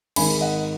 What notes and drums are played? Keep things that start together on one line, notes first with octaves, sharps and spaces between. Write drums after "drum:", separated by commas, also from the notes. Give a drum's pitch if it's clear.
G#1 G#2 D#3 G#5 B5, drum: cymbal
D#5 F#5